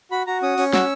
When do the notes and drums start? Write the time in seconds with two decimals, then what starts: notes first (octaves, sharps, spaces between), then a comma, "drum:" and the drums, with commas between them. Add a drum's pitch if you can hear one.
0.11 F#4 B5
0.27 F#4 A#5
0.42 C#4 D#6
0.58 C#4, drum: open hi-hat
0.73 F#4 E6, drum: snare